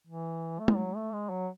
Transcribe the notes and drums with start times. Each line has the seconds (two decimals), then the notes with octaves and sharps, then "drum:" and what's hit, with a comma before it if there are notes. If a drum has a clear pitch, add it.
0.07 E3
0.59 A3
0.68 G#3, drum: tom G#3
0.77 F#3
0.96 A3
1.13 G#3
1.30 F#3